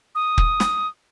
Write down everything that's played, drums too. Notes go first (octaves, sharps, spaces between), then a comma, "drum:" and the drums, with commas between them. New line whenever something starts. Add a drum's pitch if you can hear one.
D#6
drum: kick
drum: snare